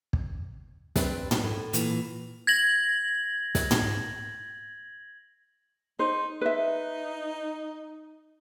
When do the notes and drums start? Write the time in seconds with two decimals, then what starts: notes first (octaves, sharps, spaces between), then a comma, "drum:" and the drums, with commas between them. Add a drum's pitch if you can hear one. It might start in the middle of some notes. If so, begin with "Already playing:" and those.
0.13 drum: kick
0.96 C4 D4 B4, drum: snare
1.31 drum: tom
1.44 A2
1.73 A#2 E3, drum: hi-hat
2.47 G#6 A#6 F#7
3.55 drum: snare
3.71 drum: tom
5.99 D#4 C5
6.41 D#4 B4 E5